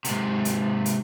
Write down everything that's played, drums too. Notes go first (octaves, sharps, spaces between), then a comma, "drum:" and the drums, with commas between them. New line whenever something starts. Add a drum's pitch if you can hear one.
G#2 C3, drum: hi-hat
drum: hi-hat
drum: hi-hat